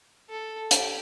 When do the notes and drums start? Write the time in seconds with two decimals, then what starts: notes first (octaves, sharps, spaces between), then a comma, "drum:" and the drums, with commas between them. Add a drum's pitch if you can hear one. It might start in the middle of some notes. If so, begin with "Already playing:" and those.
0.30 A4
0.71 G4, drum: hi-hat